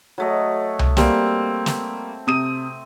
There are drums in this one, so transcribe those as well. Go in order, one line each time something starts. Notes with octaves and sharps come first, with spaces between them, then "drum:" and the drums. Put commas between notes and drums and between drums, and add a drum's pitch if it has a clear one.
F#3 A3 D#5
drum: tom C2
G3 A#3 C4, drum: snare
drum: snare
C3 D#6 D#7